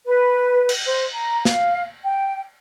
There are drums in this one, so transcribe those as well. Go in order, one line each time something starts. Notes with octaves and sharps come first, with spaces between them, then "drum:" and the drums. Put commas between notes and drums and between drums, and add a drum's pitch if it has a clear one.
B4
drum: cymbal
C5
A#5
F5, drum: snare
G5